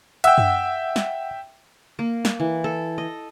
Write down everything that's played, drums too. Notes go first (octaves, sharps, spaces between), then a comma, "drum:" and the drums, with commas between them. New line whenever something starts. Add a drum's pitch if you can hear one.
E5 F#5 G5 E6, drum: hi-hat
drum: tom F#2
drum: snare
A#3
drum: snare
E3
A4
D#5